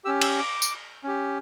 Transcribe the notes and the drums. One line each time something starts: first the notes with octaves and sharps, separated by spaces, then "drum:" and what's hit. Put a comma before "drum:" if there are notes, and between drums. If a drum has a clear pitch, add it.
C#4 G4 E6
E6, drum: cymbal
D6
drum: tambourine
C#4 G4